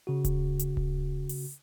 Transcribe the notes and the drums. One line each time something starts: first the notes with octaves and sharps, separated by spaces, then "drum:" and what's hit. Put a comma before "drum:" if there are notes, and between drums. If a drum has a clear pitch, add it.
C#3 F#4
drum: kick D1, hi-hat
drum: hi-hat
drum: kick D1
drum: open hi-hat